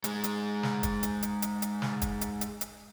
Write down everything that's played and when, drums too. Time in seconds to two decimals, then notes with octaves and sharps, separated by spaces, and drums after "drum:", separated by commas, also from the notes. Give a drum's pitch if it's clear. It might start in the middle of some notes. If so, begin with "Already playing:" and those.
0.04 G#2 G#3, drum: hi-hat
0.24 drum: hi-hat
0.63 drum: snare
0.83 drum: kick, hi-hat
1.03 drum: hi-hat
1.23 drum: hi-hat
1.42 drum: hi-hat
1.62 drum: hi-hat
1.82 drum: snare
2.02 drum: kick, hi-hat
2.21 drum: hi-hat
2.41 drum: hi-hat
2.61 drum: hi-hat